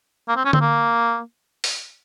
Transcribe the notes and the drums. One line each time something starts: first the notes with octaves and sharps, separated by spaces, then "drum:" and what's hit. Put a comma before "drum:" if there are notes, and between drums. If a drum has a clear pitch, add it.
A#3
C4
C#4
C4, drum: tom D3
A#3
drum: open hi-hat